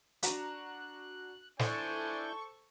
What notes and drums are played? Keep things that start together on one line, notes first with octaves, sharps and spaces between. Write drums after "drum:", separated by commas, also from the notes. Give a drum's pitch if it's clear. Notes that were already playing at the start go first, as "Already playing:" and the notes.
D4 F#4 A#5 F#6, drum: hi-hat
D4 E4 A4 C5 D5 G#5 C#6 G6, drum: snare